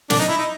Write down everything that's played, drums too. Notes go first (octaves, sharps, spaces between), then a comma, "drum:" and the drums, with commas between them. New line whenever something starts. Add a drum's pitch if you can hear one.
D4, drum: snare
D#4
E4
D#4